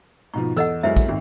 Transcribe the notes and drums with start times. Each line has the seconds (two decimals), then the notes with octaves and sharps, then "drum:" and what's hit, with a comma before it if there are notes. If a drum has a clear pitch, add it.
0.34 G#2 B2 F3 C#6
0.57 E2 A4 D#5 F#5 E6, drum: tambourine
0.83 F#2 G#3 E4 C5 E5
0.96 drum: kick, tambourine
1.06 G#1 C4